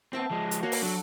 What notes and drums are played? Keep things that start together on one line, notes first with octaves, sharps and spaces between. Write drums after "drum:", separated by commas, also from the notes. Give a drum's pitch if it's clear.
B3 C4 E5 G5 A5
F3 G#3
drum: hi-hat
A#3 F#4 C#5
drum: open hi-hat
F#3 D4 A4